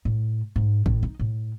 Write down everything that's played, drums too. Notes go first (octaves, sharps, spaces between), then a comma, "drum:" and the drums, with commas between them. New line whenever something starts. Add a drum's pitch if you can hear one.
A2
G#2
A2, drum: kick G#1
D#4
A2